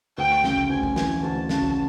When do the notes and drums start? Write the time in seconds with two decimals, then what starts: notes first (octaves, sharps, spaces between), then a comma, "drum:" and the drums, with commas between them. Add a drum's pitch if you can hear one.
0.17 D2 G5
0.44 C#3, drum: snare
0.57 drum: kick
0.70 D2 G#5
0.83 drum: kick
0.96 E3, drum: snare
1.22 D2 A5
1.49 C#3, drum: snare
1.62 drum: kick